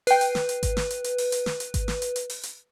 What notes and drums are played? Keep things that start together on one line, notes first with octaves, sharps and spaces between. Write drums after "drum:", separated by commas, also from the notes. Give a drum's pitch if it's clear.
B4 G5 C7, drum: open hi-hat
drum: hi-hat
drum: snare
drum: hi-hat
drum: kick G#1, hi-hat
drum: snare
drum: hi-hat
drum: hi-hat
drum: open hi-hat
drum: hi-hat
drum: snare
drum: hi-hat
drum: kick G#1, hi-hat
drum: snare
drum: hi-hat
drum: hi-hat
drum: open hi-hat
drum: hi-hat